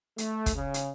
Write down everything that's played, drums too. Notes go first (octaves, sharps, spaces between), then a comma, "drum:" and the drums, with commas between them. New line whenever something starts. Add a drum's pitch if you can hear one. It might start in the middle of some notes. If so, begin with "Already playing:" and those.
A3, drum: hi-hat
drum: kick, hi-hat
C#3
drum: hi-hat